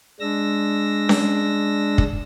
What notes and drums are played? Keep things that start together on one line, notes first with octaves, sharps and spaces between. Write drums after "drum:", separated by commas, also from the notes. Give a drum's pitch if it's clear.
G#3 D4 E6 A#6
drum: snare C#4
drum: kick